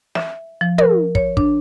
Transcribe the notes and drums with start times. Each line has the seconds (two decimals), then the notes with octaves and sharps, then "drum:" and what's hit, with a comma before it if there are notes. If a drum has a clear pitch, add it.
0.15 E5, drum: snare
0.61 F3
0.78 A#4, drum: tom
1.15 C#5, drum: kick
1.37 D4, drum: kick